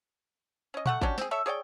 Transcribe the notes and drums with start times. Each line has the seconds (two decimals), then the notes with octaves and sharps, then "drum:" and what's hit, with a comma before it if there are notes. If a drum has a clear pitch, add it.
0.74 C#4 D#5
0.86 A3 F#5 C#6, drum: tom A#2
1.02 C#4 D4 F#4 G4, drum: kick G#1
1.18 C4 G#4, drum: snare
1.31 A4 C#5 E5
1.46 G#4 C#5 D5 G5